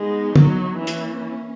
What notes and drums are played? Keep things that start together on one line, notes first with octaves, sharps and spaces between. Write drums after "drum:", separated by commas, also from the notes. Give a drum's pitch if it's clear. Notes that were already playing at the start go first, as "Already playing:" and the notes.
Already playing: G#3 B3 D#4
F#3, drum: tom
E3 A#3 C#4
drum: hi-hat